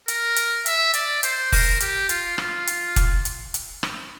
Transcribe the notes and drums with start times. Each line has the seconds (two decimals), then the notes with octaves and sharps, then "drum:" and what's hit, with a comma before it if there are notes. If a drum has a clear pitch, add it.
0.08 A#4, drum: hi-hat
0.36 drum: hi-hat
0.66 E5, drum: hi-hat
0.94 D5, drum: hi-hat
1.23 C5, drum: hi-hat
1.52 A#4, drum: kick F1, open hi-hat
1.80 G4, drum: hi-hat
2.09 F4, drum: hi-hat
2.38 F4, drum: rim click
2.67 drum: hi-hat
2.96 drum: kick F1, hi-hat
3.25 drum: hi-hat
3.54 drum: hi-hat
3.83 drum: rim click